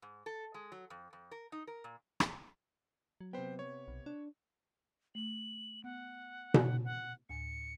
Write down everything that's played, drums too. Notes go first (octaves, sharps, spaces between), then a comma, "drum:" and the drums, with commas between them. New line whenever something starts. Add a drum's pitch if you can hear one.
G#2
A4
G#3
F#3
F2
F2
A#4
D#4
A#4
A#2
drum: rim click
F#3
C3 B3 C5 G5
C#5
B1
D4
A3 F#7
B3 F#5
drum: tom B2
F#5
D2 A2 G#5 C#7